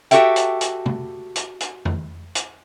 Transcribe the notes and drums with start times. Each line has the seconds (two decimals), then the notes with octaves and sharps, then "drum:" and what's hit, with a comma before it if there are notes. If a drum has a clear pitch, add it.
0.11 F#4 G4 A4 E5 G5, drum: hi-hat
0.36 drum: hi-hat
0.61 drum: hi-hat
0.86 drum: tom
1.35 drum: hi-hat
1.60 drum: hi-hat
1.85 drum: tom F2
2.35 drum: hi-hat